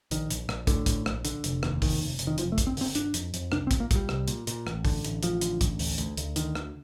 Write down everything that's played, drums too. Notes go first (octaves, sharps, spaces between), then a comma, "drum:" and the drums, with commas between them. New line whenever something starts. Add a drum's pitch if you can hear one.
A#1 D#3, drum: hi-hat
A#1, drum: hi-hat
A#1, drum: rim click
A2 D3, drum: kick, hi-hat
A2, drum: kick, hi-hat
A#1, drum: rim click
D3, drum: hi-hat
F1, drum: hi-hat
D#2, drum: rim click
F1 D#3, drum: kick, open hi-hat
F1
F1, drum: hi-hat
D#3
F2 F3, drum: hi-hat
A3
G1, drum: kick, hi-hat
C4
D3 C4, drum: open hi-hat
G1 D4, drum: hi-hat
F2, drum: hi-hat
F2, drum: hi-hat
C2 D4, drum: rim click
C4
A#2, drum: kick, hi-hat
A#3
A#2 G3, drum: kick, hi-hat
C2, drum: rim click
A#2, drum: hi-hat
A#2, drum: hi-hat
A1, drum: rim click
D3, drum: kick, open hi-hat
A1, drum: hi-hat
A1 F3, drum: hi-hat
D3, drum: hi-hat
A1, drum: kick, hi-hat
D2, drum: open hi-hat
D2, drum: hi-hat
D2, drum: hi-hat
D3 D#3, drum: hi-hat
D2, drum: rim click